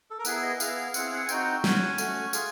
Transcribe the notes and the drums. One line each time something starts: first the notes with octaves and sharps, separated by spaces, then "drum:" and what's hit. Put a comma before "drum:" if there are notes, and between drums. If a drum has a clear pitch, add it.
A4
A#4
B3 E4 G#4 B4, drum: tambourine
D#5
B3 E4 G#4 F5, drum: tambourine
C4 E4 G#4 F#5, drum: tambourine
F5
F#5
G#5
C4 D#4 F#4 G5, drum: tambourine
C#4 F#4 G#5, drum: snare
A3 C#4 F#4, drum: tambourine
F4 G#4, drum: tambourine